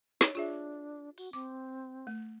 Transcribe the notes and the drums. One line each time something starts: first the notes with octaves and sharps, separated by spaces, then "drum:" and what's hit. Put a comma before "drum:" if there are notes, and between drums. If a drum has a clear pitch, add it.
D#4 C#5, drum: snare
D4 F4 G#4 E5, drum: hi-hat
F#4, drum: open hi-hat
C4 D6
A3